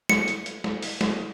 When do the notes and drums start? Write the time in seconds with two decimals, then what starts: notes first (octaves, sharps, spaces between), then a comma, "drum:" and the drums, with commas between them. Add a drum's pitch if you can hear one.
0.09 C#7, drum: snare
0.28 drum: hi-hat
0.46 drum: hi-hat
0.64 drum: snare
0.82 drum: open hi-hat
1.01 drum: snare